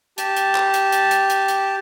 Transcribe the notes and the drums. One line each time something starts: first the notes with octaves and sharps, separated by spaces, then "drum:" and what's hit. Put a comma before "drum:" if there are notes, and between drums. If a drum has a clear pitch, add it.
G4 A5, drum: hi-hat
drum: hi-hat
drum: clap
drum: hi-hat
drum: hi-hat
drum: hi-hat
drum: hi-hat
drum: hi-hat